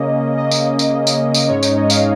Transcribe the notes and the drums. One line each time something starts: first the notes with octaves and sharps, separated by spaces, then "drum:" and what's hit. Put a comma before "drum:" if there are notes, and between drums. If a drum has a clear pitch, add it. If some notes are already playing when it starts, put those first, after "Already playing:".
Already playing: C#3 A#3 C#4 D#5
D#5
drum: tambourine
drum: tambourine
drum: tambourine
drum: tambourine
G#2 G#3 C#4 C#5
D#4, drum: tambourine
D#5
F5, drum: tambourine